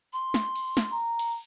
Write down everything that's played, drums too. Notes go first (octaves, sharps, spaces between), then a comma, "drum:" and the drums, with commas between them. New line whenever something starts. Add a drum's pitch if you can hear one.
C6
drum: snare
drum: cymbal
drum: snare
A#5
drum: cymbal